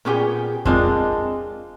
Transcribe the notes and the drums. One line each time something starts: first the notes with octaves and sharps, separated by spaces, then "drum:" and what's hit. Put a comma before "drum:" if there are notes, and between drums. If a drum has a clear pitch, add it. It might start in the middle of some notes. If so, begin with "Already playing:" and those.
A#2 B3 C#4 G4 G#4 G5
G#3 A#3 C4 D4 F4 D#5, drum: kick F2